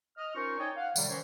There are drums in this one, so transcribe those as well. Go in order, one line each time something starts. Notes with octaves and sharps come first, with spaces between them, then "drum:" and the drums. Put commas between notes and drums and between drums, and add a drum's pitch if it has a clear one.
D#5 F6
C#4 D#4 F4 A#4 C5 C#6
D#4 C#5 D5 G5 G#5
F5 F#5
A2 C3 D#3 F#3 G3, drum: tambourine
D#3 E3 C#4 C5 C#5